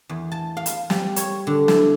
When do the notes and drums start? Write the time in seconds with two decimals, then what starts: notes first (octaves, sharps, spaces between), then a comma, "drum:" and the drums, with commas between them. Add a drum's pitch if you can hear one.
0.09 E2
0.32 A5
0.57 F5
0.66 drum: hi-hat
0.90 G3, drum: snare
1.16 C#5, drum: hi-hat
1.47 D3
1.68 E4, drum: snare